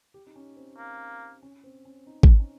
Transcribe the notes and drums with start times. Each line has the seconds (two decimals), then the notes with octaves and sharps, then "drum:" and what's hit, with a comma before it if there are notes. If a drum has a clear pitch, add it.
0.14 G4
0.27 D#4
0.36 C#4
0.56 C4
0.77 A#3
1.42 C#4
1.64 C4
1.85 C#4
2.07 D#4
2.23 drum: kick G#1
2.40 C#4